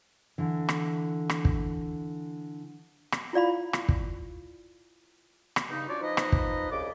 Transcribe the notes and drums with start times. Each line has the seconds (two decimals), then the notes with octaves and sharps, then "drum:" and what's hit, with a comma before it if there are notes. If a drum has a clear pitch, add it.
0.38 D3 E3
0.69 drum: rim click
1.30 drum: rim click
1.45 drum: kick
3.12 drum: rim click
3.33 E4 F4 D5 F5 B5
3.73 drum: rim click
3.89 drum: kick
5.56 drum: rim click
5.69 G2 C#3 D#4
5.89 C#4 D4 F4 F#4 C#5 D5
6.01 F3 D#4 B4 D#5
6.17 drum: rim click
6.32 drum: kick
6.71 C2 C#3 D5 D#5 D6